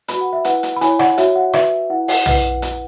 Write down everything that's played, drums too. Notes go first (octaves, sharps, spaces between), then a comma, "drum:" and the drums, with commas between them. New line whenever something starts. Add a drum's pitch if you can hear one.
F#4 B4 B5, drum: hi-hat
F#5
E5
E4 B4 F#5, drum: hi-hat
drum: hi-hat
B5
E4 C#5 G#5, drum: hi-hat
F#5, drum: rim click
F#4 C#5 E5, drum: hi-hat
F#5
F#4 B4 E5, drum: rim click
E4 B4 F#5
F#5, drum: open hi-hat
E4 B4 F#5, drum: tom B1
drum: hi-hat